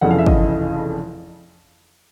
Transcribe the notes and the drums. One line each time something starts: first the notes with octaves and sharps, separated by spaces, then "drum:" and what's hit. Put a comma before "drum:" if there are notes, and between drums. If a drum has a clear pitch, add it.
F1 F2 C#3 E3 F#5
F5
E5
D#5 F5, drum: kick